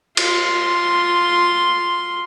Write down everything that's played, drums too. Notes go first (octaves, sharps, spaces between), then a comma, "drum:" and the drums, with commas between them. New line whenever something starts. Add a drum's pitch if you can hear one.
F4 C6, drum: cymbal